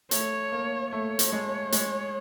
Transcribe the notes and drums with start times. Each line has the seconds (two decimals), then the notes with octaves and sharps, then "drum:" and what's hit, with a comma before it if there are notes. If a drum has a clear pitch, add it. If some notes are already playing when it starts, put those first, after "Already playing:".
0.11 A3 C#5, drum: hi-hat
0.52 A#3
0.92 A3 C#5
1.19 drum: hi-hat
1.32 G#3
1.72 G#3, drum: hi-hat